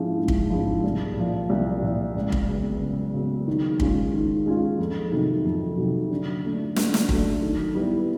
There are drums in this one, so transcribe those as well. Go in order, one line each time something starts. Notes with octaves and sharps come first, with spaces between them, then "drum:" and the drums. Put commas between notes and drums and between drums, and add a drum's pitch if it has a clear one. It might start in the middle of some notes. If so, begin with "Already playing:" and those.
Already playing: G#2 F3 G#3 C#4 E4
G#2
drum: kick
F3 G#3 C#4 E4
C2
A#2 F3
C2
A#2 F3
C#2
drum: kick
C#3 F#3 B3
C#2
C#3 F#3 B3
D#3
G#3 C#4 F4, drum: kick
D#3
G#3 C#4 F4
F2
C3 D#3 F#3
F2
C3 D#3 F#3
D3
F#3 A3 D4
D3, drum: snare
drum: snare
F#3 A3 D4, drum: kick
D#3
G3 B3 E4